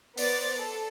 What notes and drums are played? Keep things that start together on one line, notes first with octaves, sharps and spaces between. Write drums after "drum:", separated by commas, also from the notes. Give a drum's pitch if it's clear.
B3 C5 D5 A6, drum: open hi-hat
A4